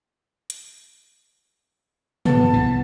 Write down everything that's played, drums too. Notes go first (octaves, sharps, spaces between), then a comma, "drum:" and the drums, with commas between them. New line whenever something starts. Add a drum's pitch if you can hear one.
drum: hi-hat
B3 A5, drum: tom
C2 E3